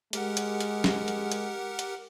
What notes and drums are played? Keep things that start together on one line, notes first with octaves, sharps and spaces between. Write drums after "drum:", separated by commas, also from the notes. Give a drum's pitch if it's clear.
G#3 G4 A#4 F#5, drum: hi-hat
drum: hi-hat
drum: hi-hat
drum: snare
drum: hi-hat
drum: hi-hat
drum: hi-hat